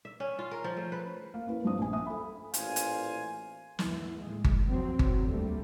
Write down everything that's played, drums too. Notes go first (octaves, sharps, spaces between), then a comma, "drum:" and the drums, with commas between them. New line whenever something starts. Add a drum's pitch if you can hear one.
E5
C#4
F4
A#4
F3
A3
B4
A#3 F5
A#3 C#4 E4 B4
G2 F3 C4 D4 D#6
A#1 G#5
E5 D#6
A4 B5
A1 A#2 C5 F5 G#5, drum: hi-hat
drum: hi-hat
D#2 G#2 D3 E3, drum: snare
A2 G#3
drum: kick G1
F3 F#3 C4
G#1 E2 F#3, drum: kick G1
D2 G3 A3 A#3